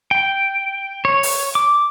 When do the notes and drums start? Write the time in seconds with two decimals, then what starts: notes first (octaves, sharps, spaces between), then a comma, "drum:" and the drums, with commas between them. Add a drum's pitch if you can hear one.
0.11 G5
1.05 C#5
1.23 drum: open hi-hat
1.55 D6